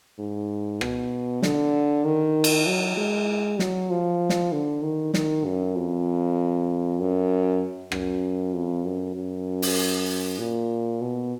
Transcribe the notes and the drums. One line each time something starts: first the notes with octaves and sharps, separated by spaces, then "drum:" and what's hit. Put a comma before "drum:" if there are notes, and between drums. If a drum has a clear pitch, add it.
G#2
B2, drum: rim click
D3, drum: snare
D#3
drum: cymbal
F#3
G#3
F#3, drum: snare
F3
drum: snare
D3
D#3
D#3, drum: snare
F#2
F2
F#2
F#2, drum: rim click
F2
F#2
F#2
drum: open hi-hat
A#2
B2